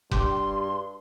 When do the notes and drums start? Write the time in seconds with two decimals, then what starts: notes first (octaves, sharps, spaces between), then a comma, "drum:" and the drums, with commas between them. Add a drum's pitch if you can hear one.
0.11 G2 G4 C6, drum: kick F1